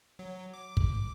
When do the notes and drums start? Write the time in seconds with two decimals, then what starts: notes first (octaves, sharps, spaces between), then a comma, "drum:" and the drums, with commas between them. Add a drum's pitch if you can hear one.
0.19 F#3
0.54 D6
0.77 drum: kick